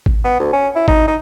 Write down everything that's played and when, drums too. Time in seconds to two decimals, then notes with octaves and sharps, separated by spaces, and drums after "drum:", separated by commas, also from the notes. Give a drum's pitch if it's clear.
0.06 drum: kick G#1
0.24 B3
0.40 D2
0.53 C#4
0.76 E4
0.88 D#4, drum: kick G#1
1.08 D#4